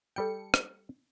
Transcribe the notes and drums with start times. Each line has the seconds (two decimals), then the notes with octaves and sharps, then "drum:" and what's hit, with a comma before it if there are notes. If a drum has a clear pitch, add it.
0.16 G3 A4 G5 C#7
0.54 drum: rim click